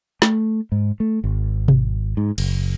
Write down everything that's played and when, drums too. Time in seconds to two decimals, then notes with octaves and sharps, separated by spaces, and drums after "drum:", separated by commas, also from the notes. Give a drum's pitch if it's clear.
0.22 A3, drum: snare
0.72 G#2
1.00 A3
1.24 G#1
1.68 drum: tom B2
2.17 G#2
2.38 F#1, drum: cymbal